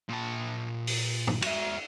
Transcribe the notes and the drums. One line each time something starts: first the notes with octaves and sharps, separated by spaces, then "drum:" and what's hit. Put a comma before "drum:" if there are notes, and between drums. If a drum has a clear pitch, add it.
A#2 A5
drum: open hi-hat
drum: tom G2
F#4 E5, drum: cymbal